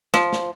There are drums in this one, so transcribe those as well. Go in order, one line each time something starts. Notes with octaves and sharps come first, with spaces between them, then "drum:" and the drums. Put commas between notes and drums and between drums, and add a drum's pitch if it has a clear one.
F3, drum: snare
drum: snare